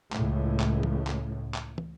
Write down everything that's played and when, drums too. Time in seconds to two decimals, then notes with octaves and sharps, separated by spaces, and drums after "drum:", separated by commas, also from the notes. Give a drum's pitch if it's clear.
0.12 C#2 A2, drum: clap
0.60 drum: clap
0.83 drum: tom E3
1.07 drum: clap
1.54 drum: clap
1.78 drum: tom